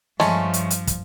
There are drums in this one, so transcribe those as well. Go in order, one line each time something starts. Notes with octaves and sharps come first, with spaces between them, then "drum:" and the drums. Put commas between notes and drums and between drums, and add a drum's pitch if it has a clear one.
G2 F3 G#3 A3 C#4, drum: snare
drum: hi-hat
drum: hi-hat
drum: kick, hi-hat